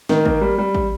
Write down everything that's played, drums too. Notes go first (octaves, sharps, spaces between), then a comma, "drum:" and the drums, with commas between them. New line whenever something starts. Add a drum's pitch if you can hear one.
D#3, drum: snare
A#3, drum: kick
G3
G3
drum: kick